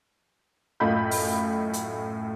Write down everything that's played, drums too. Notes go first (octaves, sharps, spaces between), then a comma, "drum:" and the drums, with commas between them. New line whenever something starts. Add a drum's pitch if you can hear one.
F#2 A2 F4 D#5 B5 G6
drum: open hi-hat
drum: hi-hat